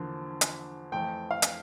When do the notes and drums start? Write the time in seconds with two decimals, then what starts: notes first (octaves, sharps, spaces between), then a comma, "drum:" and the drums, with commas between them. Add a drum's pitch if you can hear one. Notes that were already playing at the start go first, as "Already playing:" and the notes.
Already playing: E2 D3 F3 A#3
0.41 drum: hi-hat
0.92 F2 E3 A3 G5
1.31 F5
1.42 drum: hi-hat